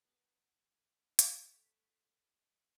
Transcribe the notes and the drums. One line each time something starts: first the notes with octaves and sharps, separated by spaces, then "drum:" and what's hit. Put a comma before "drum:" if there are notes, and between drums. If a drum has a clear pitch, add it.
B3 B4 A5
G#5
drum: hi-hat
A3 F5 B6